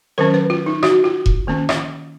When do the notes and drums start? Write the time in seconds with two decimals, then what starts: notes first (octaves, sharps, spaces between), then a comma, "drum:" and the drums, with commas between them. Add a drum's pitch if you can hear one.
0.18 D#3 F#3 C#4 A#4
0.34 B4
0.50 F4
0.66 D#4
0.83 F#4, drum: rim click
1.04 F4
1.26 drum: kick E1
1.47 D#3 A#3 C#4
1.69 drum: rim click